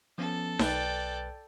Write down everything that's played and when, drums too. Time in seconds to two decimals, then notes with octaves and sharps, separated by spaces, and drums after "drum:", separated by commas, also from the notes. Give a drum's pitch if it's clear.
0.18 F3 B3 C#4 A4
0.59 B1 B4 D5 G5 F#6, drum: snare D#4